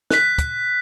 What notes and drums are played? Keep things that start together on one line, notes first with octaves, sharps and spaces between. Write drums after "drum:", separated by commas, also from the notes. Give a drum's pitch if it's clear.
F#6 B6, drum: snare
drum: kick, hi-hat